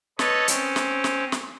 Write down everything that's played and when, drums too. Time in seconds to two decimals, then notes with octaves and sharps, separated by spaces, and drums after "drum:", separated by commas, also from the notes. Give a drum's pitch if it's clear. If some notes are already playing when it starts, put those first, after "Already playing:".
0.19 A4 B4 C#5 D#5 A5, drum: snare
0.48 C4 C#4, drum: hi-hat
0.76 drum: snare
1.04 drum: snare
1.32 drum: snare